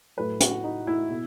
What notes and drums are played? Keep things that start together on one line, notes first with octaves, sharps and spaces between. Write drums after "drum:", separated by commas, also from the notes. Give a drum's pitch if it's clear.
A2 F#3 A3 B4
F#4, drum: hi-hat
D#4
E4
B2